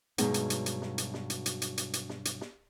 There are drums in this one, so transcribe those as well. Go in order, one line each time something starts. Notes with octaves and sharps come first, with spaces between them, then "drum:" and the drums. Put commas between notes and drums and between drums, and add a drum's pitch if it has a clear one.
G2 B2 F#3 G#3 B3 D#4, drum: hi-hat
drum: hi-hat
drum: hi-hat
drum: hi-hat
drum: snare
drum: hi-hat
drum: snare
drum: hi-hat
drum: hi-hat
drum: hi-hat
drum: hi-hat
drum: hi-hat
drum: snare
drum: hi-hat
drum: snare